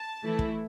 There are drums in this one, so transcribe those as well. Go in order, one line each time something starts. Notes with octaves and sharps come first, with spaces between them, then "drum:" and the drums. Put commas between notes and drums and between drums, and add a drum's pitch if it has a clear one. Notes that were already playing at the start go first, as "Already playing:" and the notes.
Already playing: A5
E3 A3 E4
drum: kick